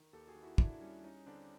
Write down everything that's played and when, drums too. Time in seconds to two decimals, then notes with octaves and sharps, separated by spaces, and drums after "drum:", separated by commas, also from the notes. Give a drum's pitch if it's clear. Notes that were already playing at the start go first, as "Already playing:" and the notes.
Already playing: D#3
0.13 D#2 G4 A4
0.27 F#4 G#4
0.35 D#3
0.43 E4 F#4
0.58 D#2 D4 E4, drum: kick
0.81 G3 C#4
1.04 G#3 C#4 D#4
1.26 D3 C4 D4